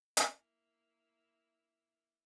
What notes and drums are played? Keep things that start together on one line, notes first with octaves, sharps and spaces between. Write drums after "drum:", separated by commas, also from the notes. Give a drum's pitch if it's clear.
A#3 E4, drum: hi-hat